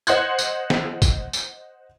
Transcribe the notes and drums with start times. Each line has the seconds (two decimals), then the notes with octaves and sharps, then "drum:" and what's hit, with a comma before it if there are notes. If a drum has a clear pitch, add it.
0.07 C5 D#5 F#5 C6 F#6 G#6, drum: tambourine
0.39 drum: tambourine
0.70 drum: snare
1.02 drum: kick, tambourine
1.33 drum: tambourine